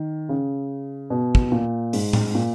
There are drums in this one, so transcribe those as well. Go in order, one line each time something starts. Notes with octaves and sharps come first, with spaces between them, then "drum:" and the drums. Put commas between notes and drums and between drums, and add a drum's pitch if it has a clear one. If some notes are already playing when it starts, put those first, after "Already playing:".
Already playing: D#3
C#3
B2
drum: kick
A#2
G#2, drum: open hi-hat
drum: tom A2
A#2